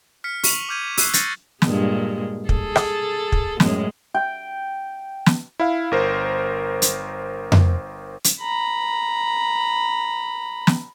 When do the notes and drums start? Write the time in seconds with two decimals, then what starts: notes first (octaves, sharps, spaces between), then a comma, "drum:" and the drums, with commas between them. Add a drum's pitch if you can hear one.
0.24 F6 B6 C#7
0.44 C#6 B6 D#7 F7 F#7, drum: open hi-hat
0.69 D6 F6 G6 G#6 D#7
0.97 E6 F#6 C7, drum: open hi-hat
1.13 G6 A6 A#6 C7 C#7 D#7, drum: hi-hat
1.62 G2 A#2 G#3, drum: snare
2.49 G#4 A4, drum: kick
2.76 drum: rim click
3.32 drum: kick
3.60 F#2 A2 G#3, drum: snare
4.14 G5
5.26 drum: snare
5.60 E4 F5
5.91 G1 A#4 C5
6.82 drum: hi-hat
7.52 drum: tom F2
8.24 drum: hi-hat
8.40 A#5 B5
10.67 drum: snare